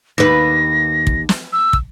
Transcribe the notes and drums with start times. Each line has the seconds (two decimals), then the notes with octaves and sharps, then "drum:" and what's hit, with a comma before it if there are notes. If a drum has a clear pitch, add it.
0.18 D#2 B4 A#6
1.07 drum: kick
1.29 drum: snare
1.53 E6
1.73 drum: kick